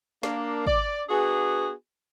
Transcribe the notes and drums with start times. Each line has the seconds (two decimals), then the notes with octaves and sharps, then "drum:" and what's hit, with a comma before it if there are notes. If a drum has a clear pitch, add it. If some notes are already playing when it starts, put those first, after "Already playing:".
0.23 A#3 D4, drum: snare
0.66 D5, drum: kick
1.09 B3 D4 F#4 G#4